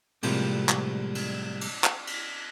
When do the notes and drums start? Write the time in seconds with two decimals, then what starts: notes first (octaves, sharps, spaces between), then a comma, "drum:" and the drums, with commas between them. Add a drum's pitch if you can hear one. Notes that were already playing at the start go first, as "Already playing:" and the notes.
0.23 A2 C3 F3 G3 G#3 A#3, drum: cymbal
0.69 drum: clap
1.15 drum: cymbal
1.61 drum: cymbal
1.84 drum: clap
2.07 drum: cymbal